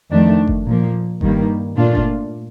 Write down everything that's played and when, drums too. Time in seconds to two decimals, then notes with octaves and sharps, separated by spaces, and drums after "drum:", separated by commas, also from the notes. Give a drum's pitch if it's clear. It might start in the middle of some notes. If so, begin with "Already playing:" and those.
0.11 F2 D#3 A3 D4
0.47 drum: kick F#1
0.66 A#2 F3 A#3
1.21 G2 D#3 G3 A#3, drum: kick F#1
1.76 A#2 A3 D4 F4
1.95 drum: kick F#1